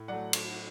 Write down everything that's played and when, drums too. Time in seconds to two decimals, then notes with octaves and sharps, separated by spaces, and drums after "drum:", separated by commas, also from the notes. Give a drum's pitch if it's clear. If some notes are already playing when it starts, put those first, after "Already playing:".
Already playing: A2
0.08 F#3 A3 D5 F#5
0.33 drum: cymbal